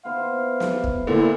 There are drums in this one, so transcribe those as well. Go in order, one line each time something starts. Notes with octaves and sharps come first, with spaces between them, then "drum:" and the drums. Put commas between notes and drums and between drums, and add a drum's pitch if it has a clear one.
B3 E4 C5 F5
drum: snare
drum: kick
A#2 D3 E4